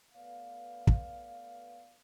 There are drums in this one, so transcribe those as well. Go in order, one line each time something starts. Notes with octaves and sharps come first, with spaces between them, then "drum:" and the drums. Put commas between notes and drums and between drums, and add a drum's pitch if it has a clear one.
A3 B3 B4 D5 F5
drum: kick